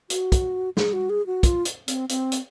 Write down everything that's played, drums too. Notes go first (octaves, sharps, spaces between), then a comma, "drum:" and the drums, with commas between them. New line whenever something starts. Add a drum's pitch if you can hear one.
F#4, drum: hi-hat
drum: kick, hi-hat
G#4, drum: snare
F#4
G#4
F#4
F4, drum: kick, hi-hat
drum: hi-hat
C4, drum: hi-hat
C4, drum: hi-hat
drum: hi-hat